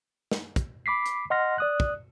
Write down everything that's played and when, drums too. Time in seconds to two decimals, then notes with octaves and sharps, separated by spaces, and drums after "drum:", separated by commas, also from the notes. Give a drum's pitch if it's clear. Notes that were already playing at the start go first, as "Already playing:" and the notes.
0.31 drum: snare
0.56 drum: kick, hi-hat
0.86 B5 D6 B6 C7
1.06 drum: hi-hat
1.30 D#5 F#5 C6 F6 A#6
1.58 D5 D#6 F#6
1.80 drum: kick